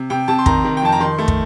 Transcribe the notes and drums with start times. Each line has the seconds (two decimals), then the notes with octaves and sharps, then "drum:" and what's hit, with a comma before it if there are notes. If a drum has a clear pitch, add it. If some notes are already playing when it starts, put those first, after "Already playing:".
Already playing: C3
0.10 C3 G5
0.28 C3 A5
0.39 C6
0.46 D#3 A#5, drum: kick
0.65 D#3
0.77 G5
0.82 F2 A5
0.92 A#5
1.00 D#3 C6
1.18 A3
1.28 drum: kick